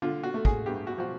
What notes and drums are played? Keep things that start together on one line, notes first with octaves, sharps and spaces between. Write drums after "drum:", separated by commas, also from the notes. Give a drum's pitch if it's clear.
D3 F4
F#4
A3
G#4, drum: kick
G2 G4
F#4
F3 F#4